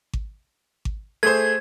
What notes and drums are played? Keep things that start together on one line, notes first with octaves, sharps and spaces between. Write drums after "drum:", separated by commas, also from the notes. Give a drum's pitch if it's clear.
drum: kick G#1
drum: kick G#1
A3 G#4 C5 G#6